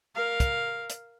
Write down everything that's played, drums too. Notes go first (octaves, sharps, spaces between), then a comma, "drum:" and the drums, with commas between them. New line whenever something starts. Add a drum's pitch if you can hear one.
A#4 F5
drum: kick, hi-hat
drum: hi-hat